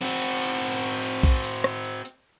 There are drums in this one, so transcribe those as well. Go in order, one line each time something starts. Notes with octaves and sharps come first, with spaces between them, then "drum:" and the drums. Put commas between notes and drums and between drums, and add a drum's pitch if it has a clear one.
C4 F#4
drum: hi-hat
drum: open hi-hat
drum: hi-hat
drum: hi-hat
drum: kick B1, hi-hat
drum: open hi-hat
drum: rim click
drum: hi-hat
drum: hi-hat